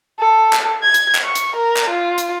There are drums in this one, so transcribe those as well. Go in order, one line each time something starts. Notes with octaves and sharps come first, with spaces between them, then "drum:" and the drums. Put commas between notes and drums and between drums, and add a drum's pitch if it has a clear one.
A4
drum: clap
G#6
drum: hi-hat
drum: clap
C#6
drum: hi-hat
A#4
drum: clap
F4
drum: hi-hat